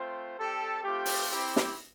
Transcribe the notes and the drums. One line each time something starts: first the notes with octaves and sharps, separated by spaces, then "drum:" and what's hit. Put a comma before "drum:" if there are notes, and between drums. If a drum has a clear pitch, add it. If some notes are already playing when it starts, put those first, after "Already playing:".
Already playing: A3 C4 F4 C5
G3 C4 G4 A4
A3 C4 F4 G4
drum: open hi-hat
C4 E4 G4
drum: snare